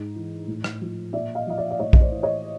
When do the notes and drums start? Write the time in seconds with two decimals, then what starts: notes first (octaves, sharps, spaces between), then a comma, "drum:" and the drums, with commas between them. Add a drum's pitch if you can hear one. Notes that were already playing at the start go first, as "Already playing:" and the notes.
Already playing: G#2
0.16 E3
0.48 A2
0.64 drum: rim click
0.81 F3
1.13 A#2 D5 E5
1.35 D#5 F5
1.47 F3 D#5
1.57 D5 E5
1.71 D5
1.79 A2 C#5 D#5
1.93 D#5, drum: kick A#1
2.01 C5 D5
2.12 E3
2.23 C#5 D#5